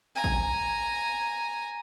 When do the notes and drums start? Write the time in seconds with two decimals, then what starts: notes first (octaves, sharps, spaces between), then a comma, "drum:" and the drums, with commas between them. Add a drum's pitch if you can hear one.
0.15 G#5 A#5
0.24 drum: kick